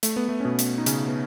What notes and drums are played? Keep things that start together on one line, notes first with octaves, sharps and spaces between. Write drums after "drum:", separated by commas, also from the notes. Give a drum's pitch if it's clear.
A3, drum: hi-hat
B3
A3
C#4
B2 B3
drum: hi-hat
D#4
C#3 C#4, drum: hi-hat
B3